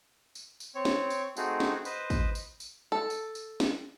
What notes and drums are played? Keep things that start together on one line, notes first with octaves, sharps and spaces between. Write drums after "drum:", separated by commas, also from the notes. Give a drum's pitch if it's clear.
drum: tambourine
drum: tambourine
C4 C#5
drum: snare
drum: tambourine
A3 C4 D#4 F#4 G#4, drum: tambourine
drum: snare
B4 C5 D#5, drum: tambourine
drum: kick, tambourine
drum: tambourine
drum: tambourine
A4
drum: tambourine
drum: tambourine
drum: snare